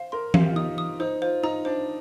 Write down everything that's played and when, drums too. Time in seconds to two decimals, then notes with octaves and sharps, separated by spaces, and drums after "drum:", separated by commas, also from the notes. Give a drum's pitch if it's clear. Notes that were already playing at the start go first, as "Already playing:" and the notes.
Already playing: C5 F5
0.12 A#4 C6
0.34 F5, drum: tom E3
0.40 G4
0.48 F4
0.56 D#4 D#6
0.78 D#6
1.00 D#4 C5
1.22 F4 C5
1.43 D#4 A#5
1.65 D4 C5